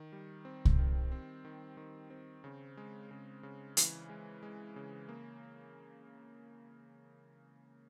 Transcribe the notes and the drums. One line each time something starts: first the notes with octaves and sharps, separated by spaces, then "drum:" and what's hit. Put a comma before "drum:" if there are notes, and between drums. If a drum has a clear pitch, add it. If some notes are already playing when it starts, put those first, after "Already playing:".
Already playing: D#3
G3
C4
drum: kick C2
D#3
C4
D#3
D#3
C4
C#3
G#3
C#3
C#3
E3, drum: hi-hat
G#3
G#3
C#3
A#3